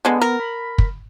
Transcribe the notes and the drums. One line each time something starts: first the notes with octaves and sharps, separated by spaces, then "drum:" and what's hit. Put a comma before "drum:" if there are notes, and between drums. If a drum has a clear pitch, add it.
D3 G#3 B3
A#4
B5
drum: kick